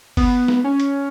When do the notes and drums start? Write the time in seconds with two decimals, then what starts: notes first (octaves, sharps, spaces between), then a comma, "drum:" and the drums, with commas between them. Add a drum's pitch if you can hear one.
0.17 B3, drum: kick G1, open hi-hat
0.48 drum: snare
0.64 C#4
0.80 drum: hi-hat